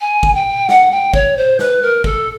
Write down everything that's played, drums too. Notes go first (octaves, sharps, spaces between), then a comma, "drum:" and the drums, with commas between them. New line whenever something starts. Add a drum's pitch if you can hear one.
G#5
drum: kick
G5
F#5, drum: snare
G5
C#5, drum: kick
C5
B4, drum: snare
A#4
A4, drum: kick